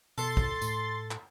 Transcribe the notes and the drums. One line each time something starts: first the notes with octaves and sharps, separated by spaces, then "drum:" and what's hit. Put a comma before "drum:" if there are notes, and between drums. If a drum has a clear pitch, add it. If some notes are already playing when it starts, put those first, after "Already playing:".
B2 A4 C6 A6
drum: kick
A2, drum: tambourine
drum: clap